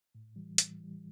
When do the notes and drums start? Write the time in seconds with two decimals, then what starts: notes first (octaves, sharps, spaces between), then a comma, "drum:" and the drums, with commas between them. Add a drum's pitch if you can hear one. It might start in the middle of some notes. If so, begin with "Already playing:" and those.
0.15 A2
0.36 E3 G3
0.58 A2, drum: hi-hat
0.79 E3 G3